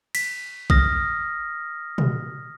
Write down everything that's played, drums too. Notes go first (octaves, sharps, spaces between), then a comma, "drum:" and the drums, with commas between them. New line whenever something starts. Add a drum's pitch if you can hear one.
B6, drum: cymbal
D#6 F6 A#6, drum: kick A#1
drum: tom